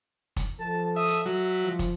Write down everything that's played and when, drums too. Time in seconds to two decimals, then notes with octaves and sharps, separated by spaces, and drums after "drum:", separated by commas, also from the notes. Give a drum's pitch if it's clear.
0.36 drum: kick, hi-hat
0.60 F3 A4 A5
0.96 E5 D#6
1.08 drum: hi-hat
1.26 F#3 E5
1.63 F3
1.79 drum: kick, hi-hat